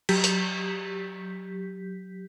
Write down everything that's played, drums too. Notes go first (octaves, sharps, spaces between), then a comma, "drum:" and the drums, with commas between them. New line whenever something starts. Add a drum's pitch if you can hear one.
F#3 G4 G6 B6, drum: cymbal
drum: hi-hat